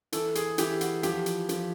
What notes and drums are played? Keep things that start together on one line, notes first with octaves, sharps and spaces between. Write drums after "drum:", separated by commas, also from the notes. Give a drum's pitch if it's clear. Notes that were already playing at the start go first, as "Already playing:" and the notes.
E3 A4, drum: hi-hat
G#4, drum: hi-hat
E3 G4, drum: hi-hat
F#4, drum: hi-hat
F3 G4, drum: hi-hat
drum: hi-hat
F3, drum: hi-hat